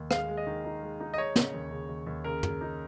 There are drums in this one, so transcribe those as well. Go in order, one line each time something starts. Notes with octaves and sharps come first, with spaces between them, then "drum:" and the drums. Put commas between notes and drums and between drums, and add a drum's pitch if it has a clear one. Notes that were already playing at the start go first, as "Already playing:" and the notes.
Already playing: D#2
G#3 F5, drum: rim click
G#3
D#5
D#3
D#4
G#3
D#4
D#5
G#3 C#5
C#3, drum: snare
D#2
C#3
D#2
D#2
C#3 A#4
C#3, drum: tom
D#4